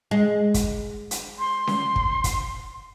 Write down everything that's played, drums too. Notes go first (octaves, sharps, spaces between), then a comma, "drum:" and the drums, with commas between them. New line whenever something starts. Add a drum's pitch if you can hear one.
G#3
drum: kick, hi-hat
drum: hi-hat
C6
drum: snare C#4
drum: kick
drum: kick, hi-hat